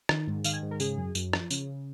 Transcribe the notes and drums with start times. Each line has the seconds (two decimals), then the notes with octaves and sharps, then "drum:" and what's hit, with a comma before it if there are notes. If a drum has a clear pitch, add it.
0.09 D#3, drum: rim click
0.27 G#2
0.44 D#3 F5, drum: tambourine
0.53 G#5
0.62 G#2
0.71 A#4
0.80 C#3 G#4, drum: tambourine
0.97 F#2
1.15 F#2, drum: tambourine
1.33 F3, drum: rim click
1.50 C#3, drum: tambourine